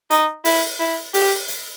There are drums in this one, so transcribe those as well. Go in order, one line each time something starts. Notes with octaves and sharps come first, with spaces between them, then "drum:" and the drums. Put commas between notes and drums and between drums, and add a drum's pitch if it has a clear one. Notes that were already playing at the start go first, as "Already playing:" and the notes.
D#4, drum: hi-hat
E4, drum: open hi-hat
E4
G4, drum: open hi-hat
drum: hi-hat